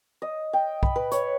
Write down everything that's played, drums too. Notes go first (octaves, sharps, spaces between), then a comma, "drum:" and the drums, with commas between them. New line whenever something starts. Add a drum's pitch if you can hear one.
D#5
G5
B5, drum: kick
B4
C#5, drum: hi-hat